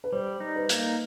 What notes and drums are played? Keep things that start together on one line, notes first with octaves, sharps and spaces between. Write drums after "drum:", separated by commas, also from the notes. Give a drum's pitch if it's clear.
B4
G3 C5
D#4
B4
A#3, drum: hi-hat